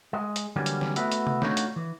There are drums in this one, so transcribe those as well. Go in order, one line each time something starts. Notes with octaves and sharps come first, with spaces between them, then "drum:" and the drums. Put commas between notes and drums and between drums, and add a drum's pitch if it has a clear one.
G#3
drum: hi-hat
D3 E3 F#3 G3 A#3 C#4
drum: hi-hat
drum: snare
A3 B3 E4 F#4, drum: hi-hat
drum: hi-hat
drum: tom C3
A3 D4 D#4 F4 F#4 C#5, drum: snare
drum: hi-hat
E3